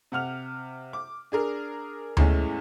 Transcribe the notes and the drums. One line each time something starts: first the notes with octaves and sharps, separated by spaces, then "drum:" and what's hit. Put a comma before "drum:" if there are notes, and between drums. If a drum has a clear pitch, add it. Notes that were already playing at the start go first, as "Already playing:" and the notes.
C3 F#5 F6 F7
D6
D4 G#4 A#4
E2 A2 E3 G#3 A3 C#4, drum: tom D2